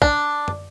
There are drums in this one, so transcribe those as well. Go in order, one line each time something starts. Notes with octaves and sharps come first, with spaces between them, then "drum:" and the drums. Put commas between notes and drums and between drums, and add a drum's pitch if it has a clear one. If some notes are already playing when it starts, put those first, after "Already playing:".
D4, drum: kick
drum: tom